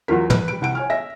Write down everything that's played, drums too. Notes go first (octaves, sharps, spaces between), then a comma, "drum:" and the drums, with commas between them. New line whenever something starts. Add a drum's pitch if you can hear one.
E2 F#3 F4 A#4 B6
B4, drum: tom
G3 D7
C2 F#5 D7
C#5 G#5 F6
E5 A#6